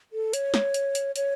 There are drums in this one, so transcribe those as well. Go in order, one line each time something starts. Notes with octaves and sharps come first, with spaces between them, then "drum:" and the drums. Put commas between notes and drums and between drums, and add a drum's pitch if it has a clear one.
A4
C#5, drum: hi-hat
drum: snare
drum: hi-hat
drum: hi-hat
C#5, drum: hi-hat